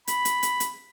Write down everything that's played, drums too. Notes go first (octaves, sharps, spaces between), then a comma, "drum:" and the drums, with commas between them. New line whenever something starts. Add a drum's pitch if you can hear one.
B5, drum: hi-hat
drum: hi-hat
drum: hi-hat
drum: hi-hat